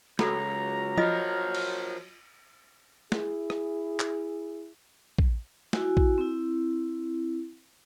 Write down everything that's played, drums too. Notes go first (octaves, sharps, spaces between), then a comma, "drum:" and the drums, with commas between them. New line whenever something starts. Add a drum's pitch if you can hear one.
C#2 F#3 F#4 A4 A#5 B5, drum: snare
F3 F4 A#4 D#5 D#6, drum: tom F3
drum: cymbal
E4 G#4, drum: snare
drum: rim click
drum: clap
drum: kick
E4 F#4 G#5, drum: snare
drum: kick
C4 E4